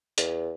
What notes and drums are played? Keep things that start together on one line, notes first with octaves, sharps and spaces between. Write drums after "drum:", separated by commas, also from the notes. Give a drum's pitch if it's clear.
E2, drum: hi-hat